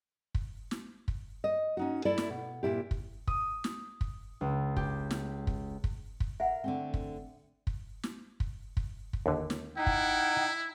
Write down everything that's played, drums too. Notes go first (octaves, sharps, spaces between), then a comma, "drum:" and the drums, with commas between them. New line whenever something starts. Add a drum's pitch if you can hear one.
drum: kick
drum: snare
drum: kick
D#5
C#4 D#4 F#4
E4 A4 D5 E5
drum: snare
B2
A#2 E4 G4
drum: kick
D#6, drum: kick
drum: snare
drum: kick
C#2
G4, drum: kick
drum: snare
drum: kick
drum: kick
drum: kick
A#4 E5 F#5
D3 A3 C4
drum: kick
drum: kick
drum: snare
drum: kick
drum: kick
drum: kick
D#2 D3
drum: snare
D#4 E4 F#5 G5
drum: kick